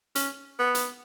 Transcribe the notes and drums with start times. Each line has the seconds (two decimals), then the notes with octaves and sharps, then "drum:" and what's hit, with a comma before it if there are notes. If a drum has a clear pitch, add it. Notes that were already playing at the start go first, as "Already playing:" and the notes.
0.15 C#4, drum: hi-hat
0.59 B3
0.75 drum: hi-hat